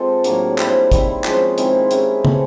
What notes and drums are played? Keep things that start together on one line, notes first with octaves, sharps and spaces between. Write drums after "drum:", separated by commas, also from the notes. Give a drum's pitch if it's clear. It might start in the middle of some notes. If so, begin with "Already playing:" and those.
Already playing: G#3 C4 F4 A4
A2 F#3 A#3 D4, drum: hi-hat
G3 C4 E4, drum: clap
D#3 G3 C4 E4, drum: kick, hi-hat
F3 G#3 C#4, drum: clap
D#3 G#3 C4 E4, drum: hi-hat
G#3 C#4 E4 G4, drum: hi-hat
E3 A3 C4, drum: tom